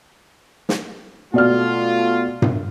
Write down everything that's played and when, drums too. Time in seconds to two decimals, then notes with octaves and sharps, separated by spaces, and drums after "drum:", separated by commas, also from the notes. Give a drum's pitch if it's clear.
0.69 drum: snare
1.34 B2 A3 F4 D5 F6
2.42 drum: tom G2